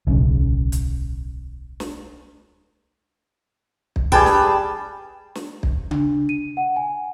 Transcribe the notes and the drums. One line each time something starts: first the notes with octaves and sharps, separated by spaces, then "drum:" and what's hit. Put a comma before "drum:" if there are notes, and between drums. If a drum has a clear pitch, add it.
D1 B1 C#3
drum: hi-hat
drum: snare
drum: kick
G3 G#4 B4 G5 A5, drum: kick
drum: snare
drum: snare
drum: kick
D4, drum: tom C#3
D#7
F#5
G#5